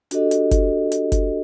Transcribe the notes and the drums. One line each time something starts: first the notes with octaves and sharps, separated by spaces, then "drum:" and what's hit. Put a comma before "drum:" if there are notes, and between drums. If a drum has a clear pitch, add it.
D4 F#4 G4 A4 D#5, drum: hi-hat
drum: hi-hat
drum: kick F#1, hi-hat
drum: hi-hat
drum: kick F#1, hi-hat